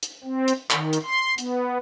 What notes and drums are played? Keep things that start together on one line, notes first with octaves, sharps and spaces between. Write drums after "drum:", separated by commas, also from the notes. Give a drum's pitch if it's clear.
drum: hi-hat
C4
drum: hi-hat
D#3, drum: clap
drum: hi-hat
C6
B3, drum: hi-hat